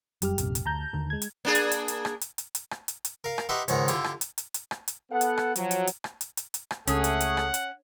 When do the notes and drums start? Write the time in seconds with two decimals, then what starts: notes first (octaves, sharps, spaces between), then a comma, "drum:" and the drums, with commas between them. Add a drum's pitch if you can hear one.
0.22 F1 F#2 G3 G4 F6, drum: hi-hat
0.38 D#1 A#1 C3, drum: hi-hat
0.55 drum: hi-hat
0.66 D2 A5 A#5 G6
0.93 D#2 D3 D#3
1.10 G#3 G#6
1.22 drum: hi-hat
1.45 A#3 D4 G#4
1.55 drum: hi-hat
1.71 drum: hi-hat
1.88 drum: hi-hat
2.05 drum: rim click
2.21 drum: hi-hat
2.38 drum: hi-hat
2.55 drum: hi-hat
2.71 drum: rim click
2.88 drum: hi-hat
3.05 drum: hi-hat
3.24 A#4 F5
3.38 drum: rim click
3.49 D#4 G4 B4 E5 F#5 C6
3.68 C#2 G#2 D#3 F#5 A#5, drum: hi-hat
3.88 D3 E4 F4 G4, drum: hi-hat
4.04 drum: rim click
4.21 drum: hi-hat
4.38 drum: hi-hat
4.54 drum: hi-hat
4.71 drum: rim click
4.88 drum: hi-hat
5.11 B3 A4 F#5
5.21 drum: hi-hat
5.37 drum: rim click
5.56 F3 F#3, drum: hi-hat
5.71 drum: hi-hat
5.87 drum: hi-hat
6.04 drum: rim click
6.21 drum: hi-hat
6.37 drum: hi-hat
6.54 drum: hi-hat
6.71 drum: rim click
6.87 C#2 A3 C#4 G#4 F#5, drum: hi-hat
7.04 drum: hi-hat
7.20 drum: hi-hat
7.37 drum: rim click
7.54 drum: hi-hat